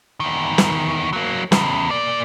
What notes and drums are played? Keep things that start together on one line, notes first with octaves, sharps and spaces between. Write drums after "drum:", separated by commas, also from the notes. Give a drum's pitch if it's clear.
E2 D#3
drum: snare
F#3 A#3
E2 C#3, drum: snare
A#3 D5